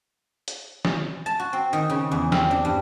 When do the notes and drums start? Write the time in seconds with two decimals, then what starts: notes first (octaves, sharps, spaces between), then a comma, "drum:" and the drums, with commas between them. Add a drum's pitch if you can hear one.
0.48 drum: hi-hat
0.85 drum: snare
1.26 A5
1.39 F#4
1.53 C4
1.73 D#3
1.90 C#3
2.11 E2
2.32 C4, drum: snare
2.51 D4
2.65 G2